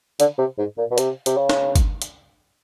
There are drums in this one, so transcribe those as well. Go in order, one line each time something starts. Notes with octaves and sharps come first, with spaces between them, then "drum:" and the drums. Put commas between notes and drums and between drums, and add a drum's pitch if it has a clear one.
D3, drum: hi-hat
C3
G#2
A#2
B2
C3, drum: hi-hat
C3, drum: hi-hat
C#3
drum: snare
drum: kick G1, hi-hat
drum: hi-hat